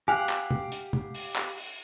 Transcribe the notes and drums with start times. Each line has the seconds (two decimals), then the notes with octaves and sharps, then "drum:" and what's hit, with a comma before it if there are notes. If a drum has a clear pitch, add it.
0.08 G4 F5 F#5 G#5
0.29 drum: clap
0.51 drum: tom
0.72 drum: hi-hat
0.93 drum: tom
1.14 drum: open hi-hat
1.36 drum: clap
1.57 drum: open hi-hat